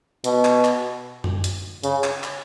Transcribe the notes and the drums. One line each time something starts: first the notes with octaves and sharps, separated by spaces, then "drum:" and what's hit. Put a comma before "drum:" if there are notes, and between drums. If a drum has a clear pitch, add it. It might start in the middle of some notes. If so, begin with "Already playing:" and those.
B2, drum: hi-hat
drum: clap
drum: clap
drum: tom F#2
drum: hi-hat
C#3, drum: hi-hat
drum: clap
drum: clap